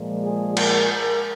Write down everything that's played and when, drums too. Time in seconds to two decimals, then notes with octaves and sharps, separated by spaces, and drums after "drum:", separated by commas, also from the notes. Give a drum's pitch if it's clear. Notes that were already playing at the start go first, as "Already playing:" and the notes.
Already playing: A#2 F3 G#3
0.24 G#4
0.57 A#4, drum: cymbal
0.90 A#4